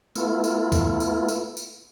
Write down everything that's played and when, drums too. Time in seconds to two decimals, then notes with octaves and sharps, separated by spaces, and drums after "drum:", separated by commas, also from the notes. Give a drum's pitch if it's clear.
0.16 A3 B3 E4 F4, drum: tambourine
0.44 drum: tambourine
0.72 drum: kick, tambourine
1.00 drum: tambourine
1.28 drum: tambourine
1.57 drum: tambourine